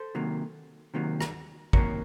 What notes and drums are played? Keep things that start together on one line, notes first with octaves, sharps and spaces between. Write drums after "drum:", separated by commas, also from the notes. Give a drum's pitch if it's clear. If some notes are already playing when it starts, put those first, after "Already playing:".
Already playing: A4 C5
C3 D#3 F#3 A#3
C3 D#3 F#3 A#3
drum: rim click
C3 D#3 F#3 A#3 A#4 C#5, drum: kick A1